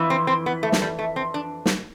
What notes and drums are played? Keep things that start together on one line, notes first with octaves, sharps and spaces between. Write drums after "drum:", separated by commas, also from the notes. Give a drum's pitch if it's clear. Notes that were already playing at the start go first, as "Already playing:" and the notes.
Already playing: F2 E3
C4
C4
B3
A3
drum: snare
G3
A3
C4
D4
drum: snare